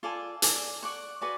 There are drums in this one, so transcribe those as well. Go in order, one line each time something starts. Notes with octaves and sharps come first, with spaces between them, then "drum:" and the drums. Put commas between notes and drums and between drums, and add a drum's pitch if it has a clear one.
F4 A4 D5 G#5
A4 D5 G#5, drum: hi-hat
D5 F#5 C#6
F#4 B4 D5 G#5